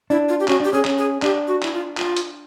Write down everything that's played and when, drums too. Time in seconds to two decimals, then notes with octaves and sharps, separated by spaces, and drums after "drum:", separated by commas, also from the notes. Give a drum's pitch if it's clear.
0.10 D4 E4
0.29 F4
0.40 G4
0.48 C#4 F#4, drum: clap
0.60 D4 G4
0.73 C#4 G#4
0.85 C#4, drum: clap
0.98 G#4
1.22 D4 G4, drum: clap
1.48 F#4
1.63 E4, drum: clap
1.73 F4
1.97 F4, drum: clap
2.17 drum: hi-hat